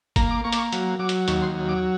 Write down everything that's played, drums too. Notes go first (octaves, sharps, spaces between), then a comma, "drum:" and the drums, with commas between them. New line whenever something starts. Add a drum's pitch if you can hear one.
A#3 A#5, drum: kick G1, hi-hat
D6
A#3 C#6
D6, drum: hi-hat
C#6
F#3, drum: hi-hat
F#3 D6
drum: hi-hat
D#2 C#6, drum: hi-hat
C6
F#3
D6